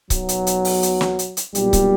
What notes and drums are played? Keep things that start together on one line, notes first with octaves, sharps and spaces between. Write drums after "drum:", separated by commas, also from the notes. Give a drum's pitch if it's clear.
B1 B2 F#3, drum: kick C#1, hi-hat
drum: hi-hat
drum: hi-hat
drum: open hi-hat
drum: hi-hat
drum: snare
drum: hi-hat
drum: hi-hat
B1 A#2 G3, drum: hi-hat
drum: kick C#1, hi-hat